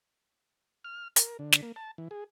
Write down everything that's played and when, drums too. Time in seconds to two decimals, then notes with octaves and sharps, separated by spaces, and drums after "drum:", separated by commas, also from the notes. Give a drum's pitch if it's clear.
0.84 F6
1.16 A#4, drum: hi-hat
1.39 D3
1.53 drum: snare
1.63 A#3
1.76 A5
1.98 E3
2.11 G#4